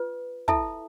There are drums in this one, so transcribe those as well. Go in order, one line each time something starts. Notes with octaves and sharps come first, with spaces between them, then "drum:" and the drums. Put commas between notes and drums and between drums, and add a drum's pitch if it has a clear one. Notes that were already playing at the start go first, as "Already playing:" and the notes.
Already playing: F4 B4
E4 A4 E5 A5, drum: kick